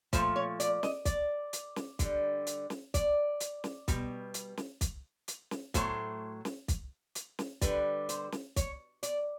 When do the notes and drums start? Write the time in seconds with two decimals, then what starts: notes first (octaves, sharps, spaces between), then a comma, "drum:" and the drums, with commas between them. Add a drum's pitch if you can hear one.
0.13 A#2 F3 A3 C5, drum: kick, hi-hat
0.36 C#5
0.60 D5, drum: hi-hat
0.83 D#5, drum: snare
1.05 D5, drum: kick, hi-hat
1.53 drum: hi-hat
1.76 drum: snare
1.99 D3 G3, drum: kick, hi-hat
2.47 drum: hi-hat
2.70 drum: snare
2.94 D5, drum: kick, hi-hat
3.40 drum: hi-hat
3.64 drum: snare
3.88 B2 G3, drum: kick, hi-hat
4.34 drum: hi-hat
4.57 drum: snare
4.81 drum: kick, hi-hat
5.28 drum: hi-hat
5.51 drum: snare
5.74 A2 F#3 A3 C5, drum: kick, hi-hat
6.45 drum: snare
6.68 drum: kick, hi-hat
7.15 drum: hi-hat
7.39 drum: snare
7.61 D3 G3 B4, drum: kick, hi-hat
8.09 C5, drum: hi-hat
8.32 drum: snare
8.56 C#5, drum: kick, hi-hat
9.03 D5, drum: hi-hat